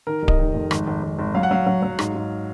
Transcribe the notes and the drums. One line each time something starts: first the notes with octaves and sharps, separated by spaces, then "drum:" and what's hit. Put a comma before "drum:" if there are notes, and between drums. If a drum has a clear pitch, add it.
D#3 A#4
F1
D#5, drum: kick D1
D#3
F2
G#1, drum: rim click
G#1
G#1
G#1
F#3 F5
F#5
F#3 F5
F#3
F#3
G#2, drum: rim click
G#2